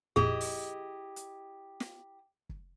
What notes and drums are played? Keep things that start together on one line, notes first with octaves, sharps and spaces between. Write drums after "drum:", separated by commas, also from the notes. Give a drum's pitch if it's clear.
F2 A#2 E4 G4 G#4 D#5, drum: kick
drum: open hi-hat
drum: hi-hat
drum: snare
drum: kick